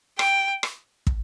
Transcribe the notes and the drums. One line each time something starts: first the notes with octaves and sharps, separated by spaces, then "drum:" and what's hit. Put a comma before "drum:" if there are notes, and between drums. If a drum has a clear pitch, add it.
G5, drum: rim click
drum: rim click
drum: kick